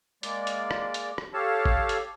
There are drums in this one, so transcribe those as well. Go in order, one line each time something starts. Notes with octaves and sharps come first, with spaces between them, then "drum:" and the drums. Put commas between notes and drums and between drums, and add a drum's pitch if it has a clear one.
G#3 A#3 D5, drum: hi-hat
drum: hi-hat
drum: rim click
drum: hi-hat
drum: rim click
G4 A4 C#5 F5 A5
drum: kick G1
drum: hi-hat